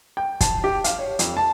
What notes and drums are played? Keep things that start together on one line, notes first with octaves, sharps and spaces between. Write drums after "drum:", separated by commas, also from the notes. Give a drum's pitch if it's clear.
G5
A5, drum: kick, hi-hat
G4
F5, drum: hi-hat
C#5
F2, drum: hi-hat
A5